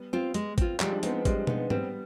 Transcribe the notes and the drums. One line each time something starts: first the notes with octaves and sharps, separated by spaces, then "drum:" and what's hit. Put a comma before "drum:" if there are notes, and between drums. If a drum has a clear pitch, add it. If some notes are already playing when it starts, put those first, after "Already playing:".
Already playing: G3 B3
C4 F4
G#3, drum: hi-hat
C4 F4, drum: kick G#1, hi-hat
F3 G3 G#3, drum: clap
D4
G#3 B3 C4 D#4, drum: hi-hat
G3 G#3 C4, drum: kick G#1, hi-hat
B3 D#4, drum: tom
G3 B3 C4, drum: tom G#2